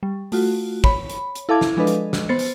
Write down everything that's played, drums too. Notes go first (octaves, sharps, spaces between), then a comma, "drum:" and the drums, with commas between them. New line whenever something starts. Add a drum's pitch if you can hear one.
G3
A3 F4 F#4, drum: open hi-hat
C#5 B5, drum: kick
drum: hi-hat
drum: hi-hat
E4 A4 F5 A5 D6 G#6
drum: snare
F3 G#3 D4 A4 B4 D#5
drum: hi-hat
drum: snare
B3 C5 A6 C#7
drum: open hi-hat